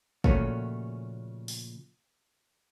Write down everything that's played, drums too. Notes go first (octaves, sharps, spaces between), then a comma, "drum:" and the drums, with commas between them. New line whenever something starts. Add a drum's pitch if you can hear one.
A#2 C#3 F3 A3 C#4 F#4, drum: kick
drum: open hi-hat